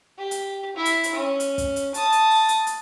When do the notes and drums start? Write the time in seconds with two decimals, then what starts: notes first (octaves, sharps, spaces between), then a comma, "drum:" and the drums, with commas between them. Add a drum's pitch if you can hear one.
0.18 G4
0.31 drum: hi-hat
0.76 E4
0.85 drum: hi-hat
1.04 drum: hi-hat
1.15 C#4
1.40 drum: hi-hat
1.58 drum: kick, hi-hat
1.76 drum: hi-hat
1.94 A5 D#6, drum: hi-hat
2.12 drum: hi-hat
2.30 drum: open hi-hat
2.48 drum: hi-hat
2.67 drum: hi-hat